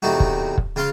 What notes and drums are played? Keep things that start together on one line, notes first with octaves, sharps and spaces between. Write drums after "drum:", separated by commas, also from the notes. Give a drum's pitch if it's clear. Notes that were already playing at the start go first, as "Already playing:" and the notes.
E2 C3 A3 D#4 F#4
drum: kick
drum: kick
C#3 F4 F5 C6